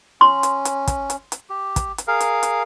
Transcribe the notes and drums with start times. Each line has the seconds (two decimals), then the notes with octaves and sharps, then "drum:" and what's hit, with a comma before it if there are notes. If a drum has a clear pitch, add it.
0.21 C#4 C6
0.43 drum: hi-hat
0.65 drum: hi-hat
0.87 drum: kick, hi-hat
1.10 drum: hi-hat
1.32 drum: hi-hat
1.50 G4
1.76 drum: kick, hi-hat
1.98 drum: hi-hat
2.08 G#4 A#4 F5
2.20 drum: hi-hat
2.43 drum: hi-hat